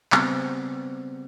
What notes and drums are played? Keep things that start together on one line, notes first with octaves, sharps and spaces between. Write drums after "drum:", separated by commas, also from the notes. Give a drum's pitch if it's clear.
C#3 G3 B3 C4, drum: clap